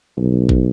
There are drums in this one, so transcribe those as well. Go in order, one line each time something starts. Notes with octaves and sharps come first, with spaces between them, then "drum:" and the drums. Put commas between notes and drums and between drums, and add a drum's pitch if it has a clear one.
B1
drum: kick A1